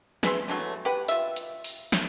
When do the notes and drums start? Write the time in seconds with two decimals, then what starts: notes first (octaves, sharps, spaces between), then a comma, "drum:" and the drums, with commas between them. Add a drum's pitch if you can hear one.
0.23 G#4 B4 E5 C6, drum: snare
0.48 D3 E3 F#3 A3
0.85 G4 B4 F#5
1.08 F4 E5, drum: hi-hat
1.36 drum: hi-hat
1.64 drum: open hi-hat
1.92 drum: snare